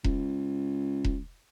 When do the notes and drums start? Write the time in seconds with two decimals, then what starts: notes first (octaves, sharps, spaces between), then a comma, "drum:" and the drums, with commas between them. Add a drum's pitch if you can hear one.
0.04 C#2, drum: kick E1
1.04 drum: kick E1